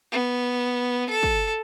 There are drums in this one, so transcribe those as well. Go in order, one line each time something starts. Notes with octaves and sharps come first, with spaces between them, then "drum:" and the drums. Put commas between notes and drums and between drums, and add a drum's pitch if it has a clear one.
B3
A4
drum: kick